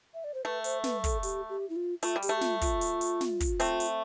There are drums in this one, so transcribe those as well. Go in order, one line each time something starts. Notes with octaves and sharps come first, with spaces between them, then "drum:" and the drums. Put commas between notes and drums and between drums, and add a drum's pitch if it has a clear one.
E5
D5
C5
A3 B4
C5, drum: hi-hat
B4, drum: snare
A4, drum: kick, hi-hat
G4, drum: hi-hat
G4
E4
F4
A3 F4, drum: hi-hat
G3
G4, drum: hi-hat
A3
G4
F4, drum: snare
F4, drum: kick, hi-hat
drum: hi-hat
drum: hi-hat
drum: snare
drum: kick, hi-hat
A3 C4, drum: hi-hat
drum: hi-hat